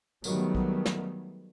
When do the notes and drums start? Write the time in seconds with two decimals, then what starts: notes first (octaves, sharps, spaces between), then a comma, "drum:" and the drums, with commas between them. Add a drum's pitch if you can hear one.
0.24 D#3 F#3 G3 A3 B3, drum: tambourine
0.55 drum: kick A#1
0.85 drum: snare